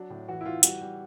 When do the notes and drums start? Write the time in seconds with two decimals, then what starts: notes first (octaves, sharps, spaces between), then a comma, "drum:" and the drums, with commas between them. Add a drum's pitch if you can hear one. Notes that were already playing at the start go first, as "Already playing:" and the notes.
Already playing: F#3 D4
0.10 A2
0.28 E3 F#4
0.41 E4
0.45 E3 F4
0.63 G3 F#4, drum: hi-hat
0.81 G3